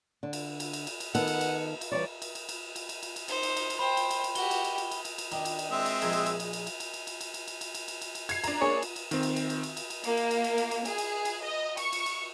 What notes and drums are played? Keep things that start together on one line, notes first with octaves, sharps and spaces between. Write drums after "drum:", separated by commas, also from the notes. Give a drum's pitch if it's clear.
D3
drum: cymbal
drum: cymbal
drum: cymbal
drum: cymbal
drum: cymbal
D#3 B3 A4 F#5, drum: cymbal
drum: cymbal
drum: cymbal
drum: cymbal
E3 G3 C#5 D5
drum: cymbal
drum: cymbal
drum: cymbal
drum: cymbal
drum: cymbal
drum: cymbal
drum: cymbal
D#4 C5, drum: cymbal
drum: cymbal
drum: cymbal
drum: cymbal
C5 G5 B5
drum: cymbal
drum: cymbal
drum: cymbal
F#4 G4 G7, drum: cymbal
drum: cymbal
drum: cymbal
drum: cymbal
drum: cymbal
drum: cymbal
drum: cymbal
D#3 D4, drum: cymbal
drum: cymbal
drum: cymbal
G#3 C4 E5
drum: cymbal
A#1 D#4 G#4, drum: cymbal
drum: cymbal
drum: cymbal
drum: cymbal
drum: cymbal
drum: cymbal
drum: cymbal
drum: cymbal
drum: cymbal
drum: cymbal
drum: cymbal
drum: cymbal
drum: cymbal
drum: cymbal
drum: cymbal
drum: cymbal
drum: cymbal
G#6 C7, drum: cymbal
D4 A#5, drum: cymbal
A#3 D4 G#4 C#5
drum: cymbal
drum: cymbal
D#3 C4, drum: cymbal
drum: cymbal
drum: cymbal
drum: cymbal
drum: cymbal
drum: cymbal
drum: cymbal
A#3, drum: cymbal
drum: cymbal
drum: cymbal
drum: cymbal
drum: cymbal
drum: cymbal
G#4, drum: cymbal
drum: cymbal
drum: cymbal
D#5
C#6, drum: cymbal
drum: cymbal
drum: cymbal